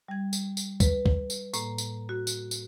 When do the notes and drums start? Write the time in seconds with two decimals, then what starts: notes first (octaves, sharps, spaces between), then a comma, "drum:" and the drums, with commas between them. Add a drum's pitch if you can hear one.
0.08 G3 G#6
0.33 drum: tambourine
0.57 drum: tambourine
0.80 B4, drum: kick, tambourine
1.06 drum: kick
1.30 drum: tambourine
1.54 A2 A#3, drum: tambourine
1.78 drum: tambourine
2.09 F#4
2.27 drum: tambourine
2.51 drum: tambourine